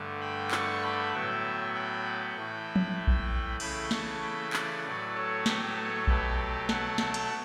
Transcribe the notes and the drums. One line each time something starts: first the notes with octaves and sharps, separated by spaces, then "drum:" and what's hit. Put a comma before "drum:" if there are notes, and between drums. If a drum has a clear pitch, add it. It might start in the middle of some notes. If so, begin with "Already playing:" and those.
Already playing: G2 D3 A3
G5 B5
A5 C#6, drum: clap
G5 B5
A2 F#3 B3 E5 G5
G5 B5
A2 E3 A3
drum: tom F3
drum: kick A#1
C#3 E3 A3 G5 B5, drum: cymbal
A5 C#6, drum: snare
G5 B5
D5 F#5, drum: clap
A2 F#3 A3 B4 D5
A4 C#5
G4 B4, drum: snare
A4 C#5
B2 F#3 A3 G4 B4, drum: kick A#1
F#5 A5, drum: snare
drum: snare
drum: cymbal